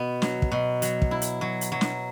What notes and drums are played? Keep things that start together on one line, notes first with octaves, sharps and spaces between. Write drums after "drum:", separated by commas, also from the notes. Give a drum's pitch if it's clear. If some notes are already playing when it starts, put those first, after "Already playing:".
Already playing: B2 B3
F#3, drum: snare
drum: kick
B2
F#3, drum: hi-hat
drum: kick
E4
drum: hi-hat
F#3
drum: hi-hat
F#3
drum: snare